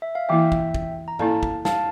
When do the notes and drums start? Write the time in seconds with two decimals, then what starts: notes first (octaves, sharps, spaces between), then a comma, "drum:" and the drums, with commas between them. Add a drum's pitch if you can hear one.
0.02 E5
0.15 F5
0.29 E3 A#3 E4 E5 G5
0.52 drum: kick
0.75 drum: kick
1.08 A#5
1.19 A#3 E4 A4 D5 F5 A5, drum: tom G#2
1.43 drum: kick
1.65 F5 A5, drum: snare